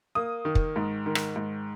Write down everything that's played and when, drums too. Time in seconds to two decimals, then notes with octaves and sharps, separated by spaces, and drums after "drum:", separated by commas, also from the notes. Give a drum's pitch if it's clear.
0.15 A#3 D#6
0.45 D#3
0.55 drum: kick
0.76 G#2
1.06 D#3
1.15 drum: rim click
1.36 G#2